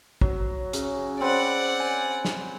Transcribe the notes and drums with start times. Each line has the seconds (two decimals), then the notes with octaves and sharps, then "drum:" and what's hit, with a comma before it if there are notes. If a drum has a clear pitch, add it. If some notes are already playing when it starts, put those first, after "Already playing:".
0.21 F#3, drum: kick
0.73 C#3, drum: hi-hat
1.21 C4 B4 D5 F#5
1.80 G#5
2.25 drum: snare